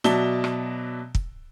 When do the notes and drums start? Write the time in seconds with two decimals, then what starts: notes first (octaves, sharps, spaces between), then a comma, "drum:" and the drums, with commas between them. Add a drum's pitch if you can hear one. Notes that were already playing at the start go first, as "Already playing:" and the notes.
0.04 B2 F#3 D5 E5 A5 G7, drum: snare
0.44 drum: rim click
1.15 drum: kick